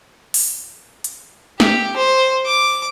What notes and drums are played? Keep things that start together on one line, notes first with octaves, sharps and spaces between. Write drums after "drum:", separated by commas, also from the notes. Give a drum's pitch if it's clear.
drum: open hi-hat
drum: hi-hat
G4, drum: snare
C5
D6